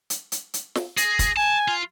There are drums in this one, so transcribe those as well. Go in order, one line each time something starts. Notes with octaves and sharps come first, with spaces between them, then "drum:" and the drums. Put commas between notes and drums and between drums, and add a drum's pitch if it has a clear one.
drum: hi-hat
drum: hi-hat
drum: hi-hat
drum: snare
G#4 A#6, drum: hi-hat
drum: kick, hi-hat
G#5 A5
F4